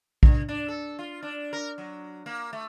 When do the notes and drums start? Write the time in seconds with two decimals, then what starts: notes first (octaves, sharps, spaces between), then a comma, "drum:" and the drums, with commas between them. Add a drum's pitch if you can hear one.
0.23 D3, drum: kick A#1
0.49 D4
0.68 A4
0.99 F4
1.23 D4
1.53 A#4
1.78 F#3
2.26 A#3
2.53 A3